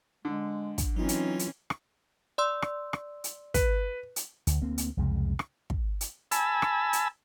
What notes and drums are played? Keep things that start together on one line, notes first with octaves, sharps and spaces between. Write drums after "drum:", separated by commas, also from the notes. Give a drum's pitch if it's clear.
D3 G#3
drum: kick, hi-hat
E3 F#3 C4 C#4 D#4 F4
drum: hi-hat
drum: hi-hat
drum: rim click
D5 C6 E6
drum: rim click
drum: rim click
drum: hi-hat
B4, drum: kick, hi-hat
drum: hi-hat
D2, drum: hi-hat
D2 A#3 C4
drum: hi-hat
C2 F2 C#3 G#3
drum: rim click
drum: kick
drum: hi-hat
G#5 A5 B5 E6, drum: hi-hat
drum: rim click
drum: hi-hat